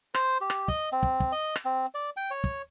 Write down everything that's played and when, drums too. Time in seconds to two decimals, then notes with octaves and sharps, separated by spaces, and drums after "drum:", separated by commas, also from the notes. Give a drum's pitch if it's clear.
0.14 C5, drum: rim click
0.41 G4
0.50 drum: rim click
0.68 D#5, drum: kick
0.92 C4
1.03 drum: kick
1.20 drum: kick
1.32 D#5
1.56 drum: rim click
1.65 C4
1.94 D5
2.17 G5
2.31 C#5
2.44 drum: kick